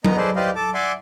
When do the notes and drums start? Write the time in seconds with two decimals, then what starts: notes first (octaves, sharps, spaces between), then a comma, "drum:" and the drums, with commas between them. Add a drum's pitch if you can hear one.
0.05 B3 D#5 A#5, drum: tom F#3
0.17 G#4 A4 B4 C5 D5 D#5
0.36 G4 B4 C5 D5 D#5 F5
0.55 A4 A5 D6
0.74 D5 E5 F#5 G#5 C6 D6